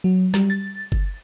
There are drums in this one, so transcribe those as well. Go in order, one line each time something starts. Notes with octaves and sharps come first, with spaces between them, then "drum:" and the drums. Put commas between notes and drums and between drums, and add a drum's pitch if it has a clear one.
F#3
G3, drum: snare
A6
drum: kick F#1